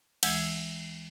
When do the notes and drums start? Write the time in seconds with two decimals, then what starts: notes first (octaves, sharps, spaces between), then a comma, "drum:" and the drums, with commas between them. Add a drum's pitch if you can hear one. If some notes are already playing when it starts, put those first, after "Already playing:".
0.23 D2 E3 G#3 E6 G#6, drum: cymbal